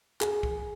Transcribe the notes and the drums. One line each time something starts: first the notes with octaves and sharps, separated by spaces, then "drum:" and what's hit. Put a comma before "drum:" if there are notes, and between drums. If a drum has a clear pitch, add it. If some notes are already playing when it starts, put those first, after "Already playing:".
G#4, drum: clap
drum: kick C2